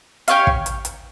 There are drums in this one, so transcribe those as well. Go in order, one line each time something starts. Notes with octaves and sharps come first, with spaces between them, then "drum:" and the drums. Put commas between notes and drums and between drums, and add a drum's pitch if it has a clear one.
C#4 G4 C#5 F5, drum: hi-hat
drum: kick
drum: hi-hat
drum: hi-hat